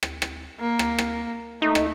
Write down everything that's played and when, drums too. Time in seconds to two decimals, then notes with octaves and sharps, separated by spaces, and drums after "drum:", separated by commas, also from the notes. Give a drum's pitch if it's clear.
0.03 drum: rim click
0.22 drum: rim click
0.60 A#3
0.79 drum: rim click
0.98 drum: rim click
1.62 A3 D#4
1.75 drum: rim click